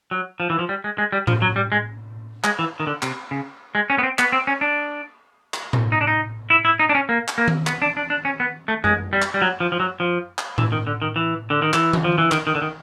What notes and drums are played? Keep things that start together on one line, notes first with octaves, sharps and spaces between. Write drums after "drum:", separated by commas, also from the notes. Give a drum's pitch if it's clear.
F#3
F3
E3
F3
G3
G#3
G#3
G3
F3, drum: tom A2
F#3
G3
G#3
G#3, drum: clap
E3
D#3
D3
C3, drum: clap
C#3
G#3
C#4
B3
C4
B3, drum: clap
C4
C#4
D4
drum: clap
drum: tom A2
D#4
D4
D#4
E4
E4
D#4
D4
C#4
A#3
drum: clap
A#3
drum: tom D#3
B3, drum: clap
D4
D4
D4
C#4
B3
A3
G#3, drum: tom F#2
G3
drum: clap
G3
F#3
F3
F3
F#3
F3
drum: clap
E3, drum: tom A2
D#3
D3
D#3
E3
D3
D#3
E3, drum: clap
drum: tom D#3
F3
E3
D#3, drum: clap
D#3
D3
D#3